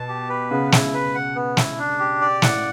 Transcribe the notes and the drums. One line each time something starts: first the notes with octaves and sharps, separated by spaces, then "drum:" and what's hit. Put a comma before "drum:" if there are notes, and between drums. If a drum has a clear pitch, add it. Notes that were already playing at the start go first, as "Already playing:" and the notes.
Already playing: B2 A5
G4
B4
C#3 B3
E4, drum: snare
B4
F#5
B3
E4, drum: snare
D4
G4
D5
A2 F#5, drum: snare